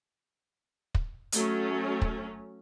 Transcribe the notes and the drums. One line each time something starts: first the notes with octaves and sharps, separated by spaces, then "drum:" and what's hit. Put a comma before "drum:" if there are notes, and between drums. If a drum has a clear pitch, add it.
drum: kick
F#3 A3 C#4, drum: hi-hat
drum: kick